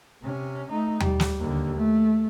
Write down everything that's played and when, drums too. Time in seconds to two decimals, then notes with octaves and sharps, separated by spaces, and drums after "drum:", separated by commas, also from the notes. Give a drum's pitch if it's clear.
0.22 C3 C#4
0.70 A3 D#4
1.00 G3, drum: tom D#2
1.20 drum: snare
1.40 D#2 D3
1.76 A3